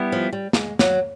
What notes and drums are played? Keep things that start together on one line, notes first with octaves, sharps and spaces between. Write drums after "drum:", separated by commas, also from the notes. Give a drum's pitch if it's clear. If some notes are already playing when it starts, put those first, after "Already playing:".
Already playing: G3 B3 E4
F3
G3
G#3, drum: snare
F#3, drum: snare